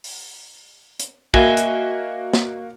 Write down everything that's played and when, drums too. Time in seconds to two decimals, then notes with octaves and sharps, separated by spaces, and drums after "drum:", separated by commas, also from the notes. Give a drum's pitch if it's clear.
0.04 drum: open hi-hat
1.00 drum: hi-hat
1.34 A#3 F#4 D#5 E5 G#5, drum: kick
1.57 drum: hi-hat
2.33 drum: snare